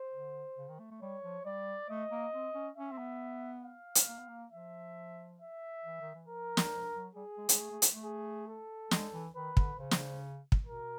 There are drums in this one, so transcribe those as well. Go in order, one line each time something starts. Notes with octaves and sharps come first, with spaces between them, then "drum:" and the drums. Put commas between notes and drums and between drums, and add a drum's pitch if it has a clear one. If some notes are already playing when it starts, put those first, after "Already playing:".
Already playing: C5
D3
C#3
D#3
A3
A3
G3 C#5
F3
G3 D5
A3 D#5
A#3
C4
C#4
C#4 E5
C4
B3
F5
drum: hi-hat
A#3
B3
A#3
F3 E5
E5
E3
D#3
E3
F3 A#4
drum: snare
F3
F#3
G3 G#4
G#3
G#3, drum: hi-hat
A3
A3
drum: hi-hat
A3
G#4
A4
G#3, drum: snare
E3
D#3 B4
D3, drum: kick
C#3 C5
drum: snare
drum: kick
B2 A#4